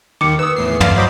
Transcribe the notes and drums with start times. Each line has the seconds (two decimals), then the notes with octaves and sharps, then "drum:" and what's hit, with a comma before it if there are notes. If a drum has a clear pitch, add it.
0.21 D#2 D#3 D6 C#7
0.39 B4 D#6 E6
0.57 E2 A2 C7
0.80 D5 F5, drum: tom
0.96 F#3 C5 D#5 B5 C6 D6